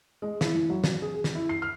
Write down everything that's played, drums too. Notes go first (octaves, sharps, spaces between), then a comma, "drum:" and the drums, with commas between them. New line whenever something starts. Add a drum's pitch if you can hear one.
G#3
E4, drum: snare
E3
F#3
F#4, drum: snare
G#4
G#4
drum: snare
E4
C7
F6